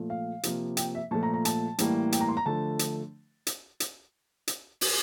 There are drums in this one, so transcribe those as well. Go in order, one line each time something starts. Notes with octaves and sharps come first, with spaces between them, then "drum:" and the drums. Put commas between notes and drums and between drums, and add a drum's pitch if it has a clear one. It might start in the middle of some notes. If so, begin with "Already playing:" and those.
Already playing: A#2 F3 A3
F5
C3 F3 A#3, drum: hi-hat
G5, drum: hi-hat
E5
A#2 F3 A3 A5
A#5
A#5
A5, drum: hi-hat
A2 E3 G3 A#3, drum: hi-hat
G5, drum: hi-hat
A#5
C6
A#5
D3 F3 A3 A5
drum: hi-hat
drum: hi-hat
drum: hi-hat
drum: hi-hat
drum: open hi-hat